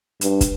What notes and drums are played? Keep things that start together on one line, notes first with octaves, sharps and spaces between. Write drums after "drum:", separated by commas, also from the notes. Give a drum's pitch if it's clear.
G2, drum: hi-hat
drum: kick, hi-hat